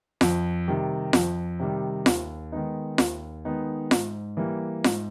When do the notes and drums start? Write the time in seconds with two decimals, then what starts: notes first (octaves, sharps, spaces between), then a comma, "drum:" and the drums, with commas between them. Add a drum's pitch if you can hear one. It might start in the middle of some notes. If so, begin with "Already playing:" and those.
0.21 F2, drum: snare F4
0.67 C3 D#3 G3
1.13 F2, drum: snare F4
1.60 C3 D#3 G3
2.06 D#2, drum: snare F4
2.52 D#3 G#3 B3 D#4
2.98 D#2, drum: snare F4
3.45 D#3 G#3 B3 D#4
3.91 G#2, drum: snare F4
4.37 E3 G3 A#3
4.84 G#2, drum: snare F4